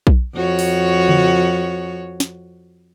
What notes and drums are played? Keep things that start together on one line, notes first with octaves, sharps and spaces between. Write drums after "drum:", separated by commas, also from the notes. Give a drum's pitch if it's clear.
drum: kick B1
F2 F#4 C#5
drum: open hi-hat
drum: tom C#3
drum: snare